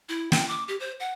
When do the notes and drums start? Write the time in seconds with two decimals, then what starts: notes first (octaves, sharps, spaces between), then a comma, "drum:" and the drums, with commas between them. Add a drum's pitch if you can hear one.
0.09 E4
0.32 G5, drum: snare
0.49 D6
0.68 G4
0.80 C5
1.00 F#5